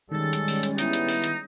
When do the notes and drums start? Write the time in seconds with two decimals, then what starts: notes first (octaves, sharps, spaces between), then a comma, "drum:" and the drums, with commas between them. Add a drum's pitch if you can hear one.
0.12 D#3 G3 G#3 C#4 A4 A6
0.33 drum: hi-hat
0.48 drum: open hi-hat
0.63 drum: hi-hat
0.78 B3 D#4 E4, drum: hi-hat
0.93 drum: hi-hat
1.09 drum: open hi-hat
1.24 drum: hi-hat